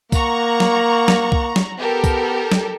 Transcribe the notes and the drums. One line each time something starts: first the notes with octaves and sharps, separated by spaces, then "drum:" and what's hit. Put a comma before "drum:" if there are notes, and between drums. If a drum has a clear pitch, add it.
A#3 F#5 A#5 C#6, drum: kick C2, tambourine
drum: snare
drum: snare
drum: kick C2
drum: snare
B3 G4 A4 A#4
drum: kick C2, tambourine
drum: snare